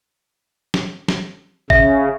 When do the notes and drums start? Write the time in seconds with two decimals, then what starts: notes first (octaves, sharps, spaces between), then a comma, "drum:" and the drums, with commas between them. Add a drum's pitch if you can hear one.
0.74 drum: snare
1.08 drum: snare
1.70 C#3 E5, drum: kick G#1